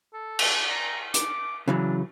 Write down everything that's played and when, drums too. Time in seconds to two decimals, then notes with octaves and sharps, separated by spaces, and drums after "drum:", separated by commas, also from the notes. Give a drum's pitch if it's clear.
0.13 A4
0.39 drum: cymbal
0.69 A#5
1.14 D6, drum: hi-hat
1.68 C#3 E3 F#3 D4